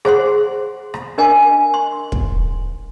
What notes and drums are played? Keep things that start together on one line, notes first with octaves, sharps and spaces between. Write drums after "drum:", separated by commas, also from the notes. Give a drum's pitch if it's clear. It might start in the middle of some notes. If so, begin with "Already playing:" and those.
G#4 C5 F#5 C6, drum: rim click
drum: rim click
D4 A#4 D#5 G#5
C6
drum: kick